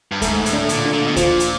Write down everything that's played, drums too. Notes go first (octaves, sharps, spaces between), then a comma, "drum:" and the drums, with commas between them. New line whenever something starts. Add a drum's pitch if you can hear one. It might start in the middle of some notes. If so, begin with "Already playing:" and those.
G2
G#2 A3, drum: kick D2, hi-hat
A2, drum: hi-hat
D3
A#2, drum: hi-hat
D3
A#2
B2
A#2 F3, drum: kick D2, hi-hat
drum: hi-hat